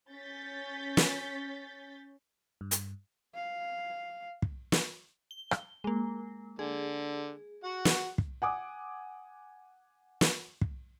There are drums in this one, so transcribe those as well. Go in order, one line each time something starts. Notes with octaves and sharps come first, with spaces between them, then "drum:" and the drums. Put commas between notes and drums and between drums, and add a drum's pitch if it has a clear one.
C#4 G6 A6 B6
drum: snare
G2
drum: hi-hat
F5
drum: kick
drum: snare
G7
drum: rim click
G#3 A#3
D3 G#4
F#4 F#5
drum: snare
drum: kick
F#5 G#5 D6 D#6
drum: snare
drum: kick